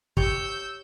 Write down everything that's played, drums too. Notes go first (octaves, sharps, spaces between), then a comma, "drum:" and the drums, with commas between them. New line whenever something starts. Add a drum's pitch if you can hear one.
G4 C#5 E6 G6, drum: kick